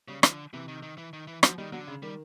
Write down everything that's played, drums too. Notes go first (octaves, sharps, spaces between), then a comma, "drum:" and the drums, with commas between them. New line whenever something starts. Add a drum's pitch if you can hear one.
C#3 G3
D3 F3, drum: rim click
C3 E3
D#3
D#3
E3
D#3
E3
F3 F#3, drum: rim click
D#3 G3
D3 F#3
C#3
D#3 G3